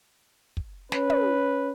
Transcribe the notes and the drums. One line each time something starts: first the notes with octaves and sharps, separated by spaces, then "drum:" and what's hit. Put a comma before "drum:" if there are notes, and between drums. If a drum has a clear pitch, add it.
drum: kick
C#4 B4, drum: snare
drum: tom